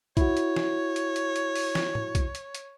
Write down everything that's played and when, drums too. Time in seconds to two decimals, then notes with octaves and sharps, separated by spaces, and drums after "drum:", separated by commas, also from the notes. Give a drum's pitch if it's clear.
0.17 E4 F#4 C#5, drum: kick, hi-hat
0.37 drum: hi-hat
0.56 drum: snare
0.96 drum: hi-hat
1.16 drum: hi-hat
1.36 drum: hi-hat
1.55 drum: open hi-hat
1.75 drum: snare
1.95 drum: tom
2.15 drum: kick, hi-hat
2.35 drum: hi-hat
2.55 drum: hi-hat